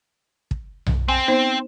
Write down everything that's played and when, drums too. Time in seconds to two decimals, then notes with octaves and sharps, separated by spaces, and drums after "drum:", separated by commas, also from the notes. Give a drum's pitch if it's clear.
0.51 drum: kick
0.86 drum: tom B1
1.08 C4 G#5
1.28 B3 D#4 C5